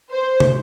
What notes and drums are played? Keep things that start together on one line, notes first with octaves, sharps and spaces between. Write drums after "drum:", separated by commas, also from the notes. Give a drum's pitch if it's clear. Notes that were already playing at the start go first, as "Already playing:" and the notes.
C5
drum: tom